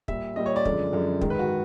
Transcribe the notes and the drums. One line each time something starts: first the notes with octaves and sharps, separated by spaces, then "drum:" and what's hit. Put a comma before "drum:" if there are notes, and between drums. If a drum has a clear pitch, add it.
A#2 G3 E5, drum: kick
A#2 G3 D#5
C#5
D5
F#2 D3 F3 G#3, drum: kick
F#2 D3 F3 G#3
G#2 D#3 G#3, drum: kick
B4
F#4
G#3